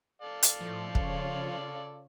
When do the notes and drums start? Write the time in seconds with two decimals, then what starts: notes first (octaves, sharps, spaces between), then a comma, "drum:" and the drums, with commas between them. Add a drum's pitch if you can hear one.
0.22 A4 D5 F5
0.43 drum: hi-hat
0.61 A2 F3 A3
0.95 C#3 F4 C#5, drum: kick